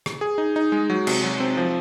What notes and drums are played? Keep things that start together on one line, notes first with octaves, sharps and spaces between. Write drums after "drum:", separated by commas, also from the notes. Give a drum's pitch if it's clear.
drum: rim click
G#4
D#4
D#4
G#3
F#3
C3, drum: cymbal
F#3
C4
F3